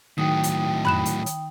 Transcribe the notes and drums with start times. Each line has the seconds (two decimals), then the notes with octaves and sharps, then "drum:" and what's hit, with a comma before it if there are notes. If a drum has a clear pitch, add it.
0.18 A2 D#3 F#3 G5 D#6
0.43 drum: hi-hat
0.85 B5 F#6 E7, drum: tom F2
1.06 drum: hi-hat
1.26 drum: hi-hat